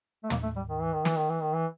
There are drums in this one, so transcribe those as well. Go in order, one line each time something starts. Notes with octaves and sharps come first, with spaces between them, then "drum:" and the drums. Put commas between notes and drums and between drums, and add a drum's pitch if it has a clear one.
A3
A#3, drum: tom
A3
G3
D#3
E3
D#3
E3, drum: snare
D#3
E3
D#3
E3